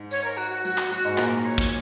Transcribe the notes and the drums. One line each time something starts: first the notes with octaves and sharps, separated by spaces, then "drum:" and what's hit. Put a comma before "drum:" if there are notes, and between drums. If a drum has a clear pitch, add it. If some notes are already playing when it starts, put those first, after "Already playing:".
Already playing: G#2
C#5, drum: tambourine
A#4
F#4, drum: tambourine
F#4
F#3 F#4, drum: tambourine
drum: clap
F#3 F#4, drum: tambourine
G#2 G#3
A#2 A#3 A#4, drum: clap
C#5
drum: kick